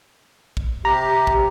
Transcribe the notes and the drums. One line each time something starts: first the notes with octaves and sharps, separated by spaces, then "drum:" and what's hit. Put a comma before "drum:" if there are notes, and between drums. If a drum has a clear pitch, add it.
drum: kick
C3 G4 A#5
drum: kick